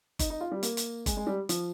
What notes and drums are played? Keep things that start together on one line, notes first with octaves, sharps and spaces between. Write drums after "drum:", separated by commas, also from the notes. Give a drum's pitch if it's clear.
D#4, drum: kick G1, hi-hat
D#4
F4
G3
A#3, drum: hi-hat
drum: hi-hat
G#3, drum: kick G1, hi-hat
G#3
G3
F3, drum: hi-hat